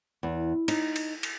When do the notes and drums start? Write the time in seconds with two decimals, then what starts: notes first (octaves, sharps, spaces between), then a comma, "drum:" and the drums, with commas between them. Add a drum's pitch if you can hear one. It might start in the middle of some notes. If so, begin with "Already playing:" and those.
0.23 E2
0.68 D#4, drum: cymbal
0.96 drum: cymbal
1.23 drum: cymbal